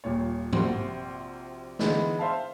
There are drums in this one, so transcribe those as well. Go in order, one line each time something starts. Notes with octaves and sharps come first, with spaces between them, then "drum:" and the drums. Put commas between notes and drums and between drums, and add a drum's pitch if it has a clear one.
D#1 A#2 C#5
A#1 C3 F#4 C5, drum: tom G2
D3 E3 G#3 B3 D#4, drum: snare
C5 E5 F5 A5